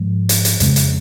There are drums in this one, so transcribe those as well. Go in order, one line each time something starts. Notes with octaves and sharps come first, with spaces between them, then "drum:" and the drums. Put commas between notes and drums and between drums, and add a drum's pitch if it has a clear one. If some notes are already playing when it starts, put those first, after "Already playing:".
Already playing: G#2 F3 G#3
drum: hi-hat
drum: hi-hat
F2 C#3 G#3, drum: hi-hat
drum: hi-hat